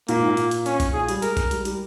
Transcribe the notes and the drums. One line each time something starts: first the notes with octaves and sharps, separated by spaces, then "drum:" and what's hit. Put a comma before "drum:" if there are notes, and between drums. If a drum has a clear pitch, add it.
A#2 A#3, drum: hi-hat
G#2
A#2
drum: hi-hat
drum: hi-hat
C#4, drum: hi-hat
drum: kick A#1, hi-hat
A#2 G#4
G3, drum: hi-hat
G#3 A#4, drum: hi-hat
drum: kick A#1, hi-hat
G3, drum: hi-hat
G3, drum: hi-hat